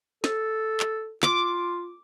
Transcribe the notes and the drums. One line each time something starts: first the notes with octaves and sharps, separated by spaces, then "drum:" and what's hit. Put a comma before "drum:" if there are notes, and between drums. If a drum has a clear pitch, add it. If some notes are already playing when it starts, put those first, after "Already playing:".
A4, drum: snare
drum: clap
F4 D6, drum: clap